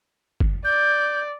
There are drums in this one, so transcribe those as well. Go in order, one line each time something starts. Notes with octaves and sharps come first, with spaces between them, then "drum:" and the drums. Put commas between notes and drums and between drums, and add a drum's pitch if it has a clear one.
drum: kick
D5 G6